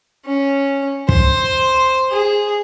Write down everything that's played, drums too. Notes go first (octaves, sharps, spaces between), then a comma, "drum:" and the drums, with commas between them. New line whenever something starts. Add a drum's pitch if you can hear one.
C#4
C5, drum: kick
G#4